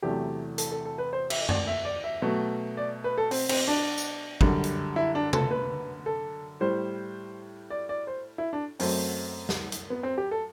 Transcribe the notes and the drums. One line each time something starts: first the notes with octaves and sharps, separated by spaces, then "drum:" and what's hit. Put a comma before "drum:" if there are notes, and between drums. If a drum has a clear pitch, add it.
E2 C3 F#3 A3 G4
A4, drum: hi-hat
A4
A4
B4
C5
E5, drum: cymbal
D5, drum: tom F#2
E5
D5
E5
B2 F#3 A3
D5
B4
A4
C4, drum: open hi-hat
C4, drum: cymbal
D4
drum: tambourine
F#2 D3 G3, drum: kick
drum: hi-hat
E4
D4
A4, drum: tom C3
B4
A4
A2 G3 C5
D5
D5
C5
E4
D4
F#2 F#3 A3 C4, drum: open hi-hat
drum: snare
drum: hi-hat
B3
C4
G4
A4